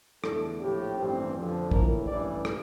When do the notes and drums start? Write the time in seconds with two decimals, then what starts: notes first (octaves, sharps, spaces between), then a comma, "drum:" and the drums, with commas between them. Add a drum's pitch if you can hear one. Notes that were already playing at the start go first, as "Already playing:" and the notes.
0.24 E2 D3 A3 D4 A4, drum: rim click
0.61 A#1 A2 F3 G4
0.97 A1 G2 E3 A3 C4
1.35 F2 D3 F3
1.71 A#1 A2 E3 A#4, drum: kick
2.08 A1 G2 E3 D5
2.45 drum: rim click